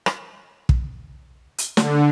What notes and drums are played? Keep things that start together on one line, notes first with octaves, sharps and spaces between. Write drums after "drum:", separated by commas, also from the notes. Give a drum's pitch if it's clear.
drum: rim click
drum: kick
drum: hi-hat
D3, drum: snare